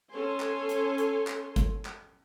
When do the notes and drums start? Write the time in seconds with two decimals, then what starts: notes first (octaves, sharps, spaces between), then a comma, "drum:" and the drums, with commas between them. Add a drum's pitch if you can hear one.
0.11 C#4 A4 C#5 G#5 C6
0.40 drum: clap
0.69 drum: hi-hat
0.98 drum: hi-hat
1.27 drum: clap
1.56 drum: kick G1, hi-hat
1.85 drum: clap